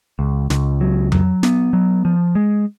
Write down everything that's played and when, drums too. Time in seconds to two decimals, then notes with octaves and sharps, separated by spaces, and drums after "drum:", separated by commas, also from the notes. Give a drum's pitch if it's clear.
0.19 C#2
0.50 C#2, drum: snare
0.81 F#3
1.12 F#3, drum: tom F2
1.43 B3, drum: snare
1.73 F#3
2.05 F3
2.35 G#3